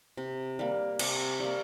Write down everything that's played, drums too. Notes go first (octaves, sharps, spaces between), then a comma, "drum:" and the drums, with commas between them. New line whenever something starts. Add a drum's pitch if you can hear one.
C3
G3 A#3
C3, drum: cymbal
G3 A#3